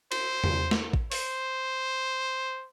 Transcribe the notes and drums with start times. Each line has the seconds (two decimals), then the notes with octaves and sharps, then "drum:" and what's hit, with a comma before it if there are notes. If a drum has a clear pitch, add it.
0.12 C5, drum: cymbal
0.44 drum: tom
0.71 drum: snare
0.93 drum: kick A1
1.12 C5, drum: open hi-hat